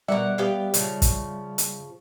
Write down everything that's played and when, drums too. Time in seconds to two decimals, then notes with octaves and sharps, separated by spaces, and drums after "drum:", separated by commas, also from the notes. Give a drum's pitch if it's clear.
0.08 B2 G3 A#4 D5 E5 F#5
0.38 B3 G4 F5
0.74 C#3 F3, drum: hi-hat
1.02 drum: kick, hi-hat
1.58 drum: hi-hat